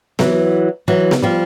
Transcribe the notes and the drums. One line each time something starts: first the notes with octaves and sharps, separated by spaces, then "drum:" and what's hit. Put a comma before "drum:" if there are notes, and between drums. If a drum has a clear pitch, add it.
E3 F#3, drum: snare B3
E3 F#3
drum: snare B3
F3 G3